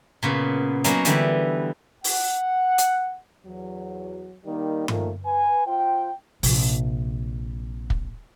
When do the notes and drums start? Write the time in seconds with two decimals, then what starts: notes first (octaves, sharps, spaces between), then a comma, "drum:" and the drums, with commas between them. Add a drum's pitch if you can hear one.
0.23 A#2 C#3 B3
0.84 F#3 A#3 B3 C#4 D#4, drum: hi-hat
1.05 D3 E3 G3 B3, drum: hi-hat
2.04 F#5, drum: open hi-hat
2.78 drum: hi-hat
3.45 E2 F#3
4.45 D#3 G3 A#3 D#4
4.88 A#2 D#3 F3 A3 A#3, drum: tom G2
5.25 B4 G#5
5.66 F4 C5 G5
6.43 A#1 C3, drum: open hi-hat
7.90 drum: kick